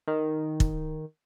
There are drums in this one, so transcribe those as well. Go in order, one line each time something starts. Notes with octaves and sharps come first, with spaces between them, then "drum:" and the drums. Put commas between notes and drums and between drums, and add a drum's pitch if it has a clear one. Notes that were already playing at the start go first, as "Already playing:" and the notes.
D#3
drum: kick